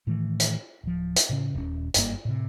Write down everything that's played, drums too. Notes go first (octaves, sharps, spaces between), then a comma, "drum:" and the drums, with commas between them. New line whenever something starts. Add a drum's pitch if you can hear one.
A2 D#3 E3 A3
drum: hi-hat
D1 F3
drum: hi-hat
A2 C#3 C#4
D#1 C#4
F#1 G2 A#3, drum: hi-hat
A2 C3